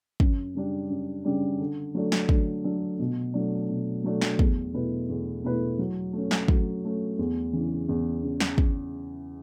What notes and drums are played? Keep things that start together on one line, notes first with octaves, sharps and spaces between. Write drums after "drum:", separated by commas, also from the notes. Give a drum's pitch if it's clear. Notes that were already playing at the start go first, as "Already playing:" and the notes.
F#2, drum: kick
C#3 G3 D4
F#2
C#3 G3 D4
D3
F#3 A3 D4 A4
drum: snare
D3, drum: kick
F#3 A3 D4 A4
B2
F#3 A3 D4
B2
F#3 A3 D4
drum: snare
E2, drum: kick
B2 A3 E4 B4
E2
B2 A3 E4 B4
F#3
A3 C#4
drum: snare
F#3, drum: kick
A3 C#4
E2
C#3 E3
E2
C#3
drum: snare
drum: kick